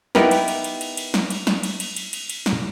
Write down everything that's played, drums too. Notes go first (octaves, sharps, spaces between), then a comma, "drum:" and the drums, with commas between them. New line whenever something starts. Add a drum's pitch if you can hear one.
B3 D#4 E4 G4 A#4 B4, drum: snare
drum: cymbal
drum: cymbal
drum: cymbal
drum: cymbal
drum: cymbal
drum: snare
drum: cymbal
drum: snare
drum: cymbal
drum: cymbal
drum: cymbal
drum: cymbal
drum: cymbal
drum: snare